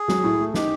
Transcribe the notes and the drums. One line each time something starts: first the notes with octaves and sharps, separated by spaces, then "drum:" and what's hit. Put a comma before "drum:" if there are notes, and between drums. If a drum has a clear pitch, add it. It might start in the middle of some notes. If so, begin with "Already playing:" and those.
Already playing: G#4
F#3, drum: snare
A2
A3
D#4 G4, drum: snare